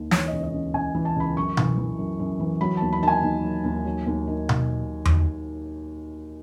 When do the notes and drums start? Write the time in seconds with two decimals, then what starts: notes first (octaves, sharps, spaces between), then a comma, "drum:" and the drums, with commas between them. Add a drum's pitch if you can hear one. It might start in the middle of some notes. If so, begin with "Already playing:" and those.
Already playing: D#2
0.11 E3 C#5, drum: snare
0.28 C#2 D#5
0.43 D#5
0.53 C#3
0.74 C#2 G#5
0.95 E3
1.05 A5
1.16 C#2 B5
1.36 F#2 C#6
1.57 E3, drum: tom B2
1.78 E3
1.99 F#2
2.20 F#2
2.40 E3
2.61 F#3 B5
2.77 D#2 A5
2.93 B5
3.02 D#3 A5
3.08 G#5
3.23 D#2
3.43 F#3
3.64 D#2
3.85 F#3
4.07 D#2
4.27 D#3
4.49 drum: tom B2
5.05 drum: tom E2